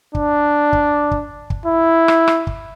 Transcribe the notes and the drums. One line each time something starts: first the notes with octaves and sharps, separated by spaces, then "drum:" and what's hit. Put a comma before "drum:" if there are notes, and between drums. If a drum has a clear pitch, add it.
D4, drum: kick
drum: kick
drum: kick
drum: kick
E4
drum: rim click
drum: rim click
drum: kick